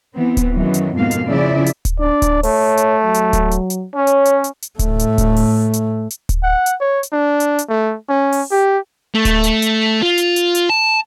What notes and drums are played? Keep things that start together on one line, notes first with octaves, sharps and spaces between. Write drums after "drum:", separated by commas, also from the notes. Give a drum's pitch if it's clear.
E3 B3 C4
drum: kick D1, hi-hat
F#2 D#3 E3 F#3
drum: hi-hat
F2 G#2 B2 A#3 F5
drum: hi-hat
C#3 F3 E4 D5 E5
drum: hi-hat
drum: kick D1, hi-hat
D4 D5
drum: kick D1, hi-hat
A3 C#5, drum: open hi-hat
drum: hi-hat
F#3
drum: hi-hat
drum: kick D1, hi-hat
drum: hi-hat
drum: hi-hat
C#4 C#5
drum: hi-hat
drum: hi-hat
drum: hi-hat
drum: hi-hat
A2 A3, drum: kick D1, hi-hat
drum: hi-hat
drum: kick D1, hi-hat
drum: open hi-hat
drum: hi-hat
drum: hi-hat
drum: kick D1, hi-hat
F#5
drum: hi-hat
C#5
drum: hi-hat
D4
drum: hi-hat
drum: hi-hat
A3
C#4
drum: open hi-hat
G4
A3
drum: kick D1, hi-hat
drum: hi-hat
drum: hi-hat
F4
drum: hi-hat
drum: hi-hat
drum: hi-hat
A5